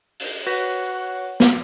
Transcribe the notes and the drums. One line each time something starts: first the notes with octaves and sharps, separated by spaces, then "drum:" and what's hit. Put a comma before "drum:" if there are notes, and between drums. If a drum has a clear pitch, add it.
drum: open hi-hat
F#4 B4 C#5 F#5 A#6
drum: snare